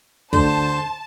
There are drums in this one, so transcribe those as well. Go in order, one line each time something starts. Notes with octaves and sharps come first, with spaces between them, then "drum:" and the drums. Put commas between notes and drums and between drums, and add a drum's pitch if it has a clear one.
D2 D3 C5 A5, drum: kick